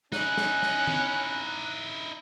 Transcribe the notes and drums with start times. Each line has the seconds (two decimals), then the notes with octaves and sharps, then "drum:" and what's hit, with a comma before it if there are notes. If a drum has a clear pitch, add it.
0.12 C#4 D#4 E4 F#6, drum: snare
0.37 drum: snare
0.62 drum: snare
0.87 drum: tom D#3